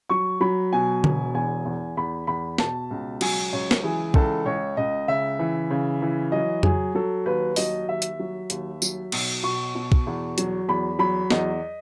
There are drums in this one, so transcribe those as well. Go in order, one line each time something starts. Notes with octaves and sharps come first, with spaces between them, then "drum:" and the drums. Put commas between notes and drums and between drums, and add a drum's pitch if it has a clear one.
F#3 C#6
F#3 B5
B2 G#5
E1, drum: tom D3
E2 G#5
E2
E2 B5
E2 B5
B2 A5, drum: snare
C#2
F#3 G#5, drum: cymbal
C#2 C#5
drum: snare
E3 G#4
C#2 A4, drum: kick
C#2 C#5
C#2 D#5
C#3 E5
E3
C#3
E3
F#3 D#5
F#3 G#4, drum: tom F2
F#3 A4
D#2 B4
F#3 D#5, drum: open hi-hat
D#2 E5
drum: hi-hat
F#3
D#2, drum: hi-hat
F#3, drum: tambourine
B1, drum: cymbal
B2 C#6
B2
drum: kick
E2
F#3, drum: hi-hat
E2 B5
F#3 B5
E2 D#5, drum: snare